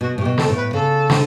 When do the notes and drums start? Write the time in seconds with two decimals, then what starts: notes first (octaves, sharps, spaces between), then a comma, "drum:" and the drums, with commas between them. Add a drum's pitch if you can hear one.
0.01 B2 F#4
0.18 A2 G4
0.25 B2
0.38 A4, drum: snare
0.50 A2
0.56 B4
0.73 C#3 A4
1.10 D3, drum: snare